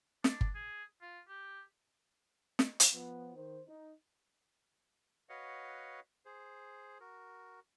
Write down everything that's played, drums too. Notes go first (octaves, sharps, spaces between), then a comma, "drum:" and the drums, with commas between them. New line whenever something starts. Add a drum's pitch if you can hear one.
D4, drum: snare
drum: kick G1
G#4
F4
G4
drum: snare
drum: hi-hat
F3 B3
D#3 C5
D#4
F#4 B4 C#5 D#5 F5 F#5
G#4 C5
F#4 A#4